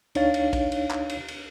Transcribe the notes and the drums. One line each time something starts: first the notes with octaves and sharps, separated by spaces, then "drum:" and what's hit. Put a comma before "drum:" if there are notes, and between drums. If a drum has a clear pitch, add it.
D2 D4 D#4 C#5 F5 A6, drum: cymbal
drum: cymbal
drum: kick A#1, cymbal
drum: cymbal
drum: clap
drum: cymbal
drum: cymbal